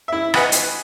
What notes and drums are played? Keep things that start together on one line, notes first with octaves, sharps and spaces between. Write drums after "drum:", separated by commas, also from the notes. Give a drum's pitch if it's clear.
E4 E5
B4 D#5 F#5 G#5 B5, drum: rim click
drum: hi-hat